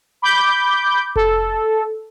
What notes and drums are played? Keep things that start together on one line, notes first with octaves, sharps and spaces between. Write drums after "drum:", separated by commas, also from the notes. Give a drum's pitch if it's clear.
B5 D6 G6
A4, drum: kick F1